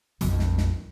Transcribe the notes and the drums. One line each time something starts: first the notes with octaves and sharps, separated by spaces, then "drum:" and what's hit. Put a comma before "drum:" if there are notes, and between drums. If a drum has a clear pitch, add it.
A#1 F2, drum: hi-hat
drum: snare
drum: snare